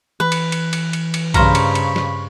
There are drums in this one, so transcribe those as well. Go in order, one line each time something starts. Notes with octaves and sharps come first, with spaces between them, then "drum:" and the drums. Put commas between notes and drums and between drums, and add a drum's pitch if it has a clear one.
E3 B4
drum: cymbal
drum: cymbal
drum: cymbal
drum: cymbal
drum: cymbal
G2 C#3 C5 F5 A#5 B5 C#6, drum: kick B1, cymbal
drum: cymbal
drum: cymbal
drum: snare